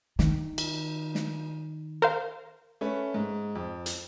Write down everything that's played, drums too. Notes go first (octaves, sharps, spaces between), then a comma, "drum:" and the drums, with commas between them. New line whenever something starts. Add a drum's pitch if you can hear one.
D#3, drum: snare
drum: cymbal
drum: snare
A#4 C5 F5
A3 C#4 B4
G#2
F2
drum: hi-hat